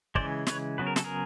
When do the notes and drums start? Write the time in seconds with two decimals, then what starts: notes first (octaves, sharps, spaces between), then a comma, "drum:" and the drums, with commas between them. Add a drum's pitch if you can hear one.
0.15 C#3 E3 G#3 C5 D5, drum: kick
0.47 B4 C#5, drum: snare
0.78 C#3 F#3 B3 B4
0.87 A#4
0.96 A4, drum: snare
1.04 G#4 A#4